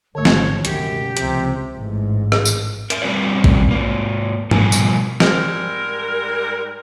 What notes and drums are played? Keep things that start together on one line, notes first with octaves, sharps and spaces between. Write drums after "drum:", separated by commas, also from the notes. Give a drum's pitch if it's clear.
G#1 G#2 D3 D#3 A3 C#5
drum: snare
C#2 F#2 B2 G4, drum: hi-hat
C#2 C3 F3, drum: hi-hat
A1 G#2
drum: rim click
drum: tambourine
A#4 E5, drum: hi-hat
G3 C4 C#4 F#4 B4 D5
drum: kick
G#2 A#3
B2 F3 G3 B3 A#4 G#5, drum: tom G#2
drum: tambourine
G#2 G3 A#4, drum: snare